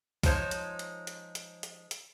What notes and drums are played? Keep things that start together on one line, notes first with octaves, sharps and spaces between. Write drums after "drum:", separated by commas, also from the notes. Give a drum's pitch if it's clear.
F3 G#3 D#4 C5 C#5, drum: kick C2, open hi-hat
drum: hi-hat
drum: hi-hat
drum: hi-hat
drum: hi-hat
drum: hi-hat
drum: hi-hat